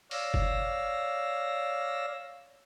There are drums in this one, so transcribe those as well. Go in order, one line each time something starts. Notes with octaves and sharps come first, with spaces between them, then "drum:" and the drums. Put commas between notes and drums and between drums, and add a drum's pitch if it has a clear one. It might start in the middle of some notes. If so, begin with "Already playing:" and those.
C#5 D5 F5 E6 A#6, drum: open hi-hat
drum: kick F#1